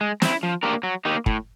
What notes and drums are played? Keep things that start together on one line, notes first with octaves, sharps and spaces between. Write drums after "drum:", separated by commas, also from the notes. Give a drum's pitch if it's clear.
G#3
C4 E4, drum: snare
F3
A#3 D4 G4 A#4
F#3
A#3 D#4 G4
A2, drum: kick